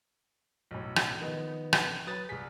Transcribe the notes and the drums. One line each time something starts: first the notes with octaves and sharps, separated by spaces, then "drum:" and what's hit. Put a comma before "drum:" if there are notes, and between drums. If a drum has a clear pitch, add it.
B1 A2
drum: rim click
D#3 F3 B3 D#5
drum: rim click
F#3 B4 B5 D#6 A6
C2 G#4 B6